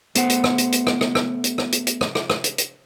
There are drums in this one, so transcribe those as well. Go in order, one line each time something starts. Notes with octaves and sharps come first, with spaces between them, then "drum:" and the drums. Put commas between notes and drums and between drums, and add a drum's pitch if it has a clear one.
A3 B3 C5 F#5, drum: hi-hat
drum: hi-hat
drum: rim click
drum: hi-hat
drum: hi-hat
drum: rim click
drum: rim click
drum: rim click
drum: hi-hat
drum: rim click
drum: hi-hat
drum: hi-hat
drum: rim click
drum: rim click
drum: rim click
drum: hi-hat
drum: hi-hat